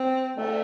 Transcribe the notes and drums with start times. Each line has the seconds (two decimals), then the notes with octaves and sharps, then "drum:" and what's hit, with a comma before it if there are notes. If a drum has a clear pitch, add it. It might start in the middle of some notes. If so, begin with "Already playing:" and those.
Already playing: C4
0.37 A3, drum: cymbal